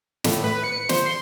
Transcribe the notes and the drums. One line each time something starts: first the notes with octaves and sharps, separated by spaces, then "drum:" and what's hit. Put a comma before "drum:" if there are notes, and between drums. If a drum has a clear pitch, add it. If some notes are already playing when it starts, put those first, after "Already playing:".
A2, drum: snare
B4
C#7
C5, drum: snare
C6